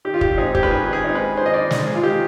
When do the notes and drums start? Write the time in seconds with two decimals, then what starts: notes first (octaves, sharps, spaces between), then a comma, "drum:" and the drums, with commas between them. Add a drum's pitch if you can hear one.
0.05 D#3 G4
0.14 F4
0.21 G4, drum: kick
0.38 G#3 C4 D#4 G#4
0.55 G4, drum: kick
0.63 B4
0.71 D#3 G#4
0.93 G#4
1.04 G#3 C4 D#4
1.15 B4
1.37 D#3 C5
1.46 D#5
1.54 D5
1.71 G#3 C4 D#4, drum: snare
1.87 G#4
1.95 F4
2.03 D#3 G4